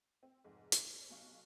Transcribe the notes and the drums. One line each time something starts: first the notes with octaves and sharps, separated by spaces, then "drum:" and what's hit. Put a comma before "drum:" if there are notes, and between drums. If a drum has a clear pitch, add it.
C4
F1 G#2
C5, drum: hi-hat
B1 C3 F5 C#6